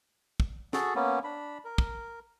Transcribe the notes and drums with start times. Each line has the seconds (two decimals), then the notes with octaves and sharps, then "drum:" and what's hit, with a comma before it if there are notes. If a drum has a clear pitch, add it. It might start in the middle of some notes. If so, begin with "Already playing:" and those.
0.40 drum: kick
0.73 F#4 G#4 A4, drum: snare
0.95 A#3 B3 C#4
1.24 D4 B5
1.65 A#4
1.78 drum: kick